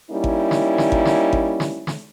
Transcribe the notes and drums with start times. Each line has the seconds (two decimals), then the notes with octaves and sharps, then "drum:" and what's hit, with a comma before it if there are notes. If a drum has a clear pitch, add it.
0.10 G3 A#3 C#4 D#4 E4
0.24 drum: kick G#1
0.51 drum: snare
0.78 drum: snare
0.92 drum: kick G#1
1.05 drum: snare
1.33 drum: kick G#1
1.60 drum: snare
1.87 drum: snare